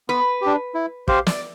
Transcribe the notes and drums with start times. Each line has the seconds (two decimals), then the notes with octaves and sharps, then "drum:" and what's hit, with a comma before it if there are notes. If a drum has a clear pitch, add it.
0.09 B3 B4
0.41 D4 G4
0.75 E4
1.08 G4 C5 F5, drum: kick
1.27 D5, drum: snare